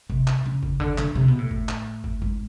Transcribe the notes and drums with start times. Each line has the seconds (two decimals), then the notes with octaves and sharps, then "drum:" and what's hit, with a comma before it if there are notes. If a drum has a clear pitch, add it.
0.10 C3, drum: kick
0.27 drum: clap
0.46 C#3
0.63 drum: kick
0.80 D3, drum: kick
0.98 D3, drum: clap
1.15 C3
1.28 B2
1.39 A2
1.51 drum: kick
1.69 drum: clap
2.04 drum: kick
2.22 G#2, drum: kick